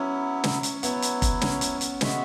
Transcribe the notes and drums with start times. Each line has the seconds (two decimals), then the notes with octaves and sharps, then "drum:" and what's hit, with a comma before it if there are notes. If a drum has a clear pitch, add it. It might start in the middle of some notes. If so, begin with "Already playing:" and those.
Already playing: F#3 B3 C#4 E4
0.44 drum: snare
0.63 drum: hi-hat
0.83 F#3 B3 E4 C#5, drum: hi-hat
1.02 drum: hi-hat
1.22 drum: kick F1, hi-hat
1.41 C#4, drum: snare
1.61 drum: hi-hat
1.81 drum: hi-hat
2.01 G#3 B3 F#4 E5, drum: snare